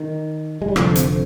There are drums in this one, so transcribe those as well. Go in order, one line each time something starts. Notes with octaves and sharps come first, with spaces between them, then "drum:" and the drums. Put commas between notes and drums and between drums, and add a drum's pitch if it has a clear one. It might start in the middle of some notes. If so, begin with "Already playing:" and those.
Already playing: D#3
G#3
G3
F1 F2 D3 F3, drum: rim click
C4, drum: hi-hat